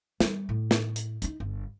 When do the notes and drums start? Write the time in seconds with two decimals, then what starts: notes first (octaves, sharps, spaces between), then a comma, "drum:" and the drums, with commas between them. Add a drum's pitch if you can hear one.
0.20 G3, drum: snare
0.49 A2
0.71 drum: snare
0.96 drum: hi-hat
1.22 D#4 E4, drum: hi-hat
1.40 G1